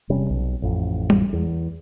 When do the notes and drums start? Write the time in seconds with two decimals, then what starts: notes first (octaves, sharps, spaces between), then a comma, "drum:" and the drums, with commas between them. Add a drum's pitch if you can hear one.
0.09 E1 C3 G3 C#4
0.30 B1
0.62 A1 F2
1.10 drum: tom G3
1.33 E2